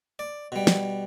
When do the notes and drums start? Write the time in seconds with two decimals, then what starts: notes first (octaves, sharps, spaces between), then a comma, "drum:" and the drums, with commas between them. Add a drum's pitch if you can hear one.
0.19 D5
0.52 B2 G3
0.67 drum: snare